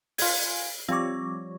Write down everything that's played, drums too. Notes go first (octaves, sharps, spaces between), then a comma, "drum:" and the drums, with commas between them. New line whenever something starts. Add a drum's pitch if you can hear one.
F4 G#5, drum: open hi-hat
F3 G3 C4 C#5 D6